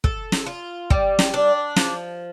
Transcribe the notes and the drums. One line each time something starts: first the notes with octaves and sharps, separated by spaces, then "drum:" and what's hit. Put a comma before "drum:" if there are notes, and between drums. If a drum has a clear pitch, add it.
A4, drum: kick
drum: snare
F4
G3, drum: kick
drum: snare
D4
F3, drum: snare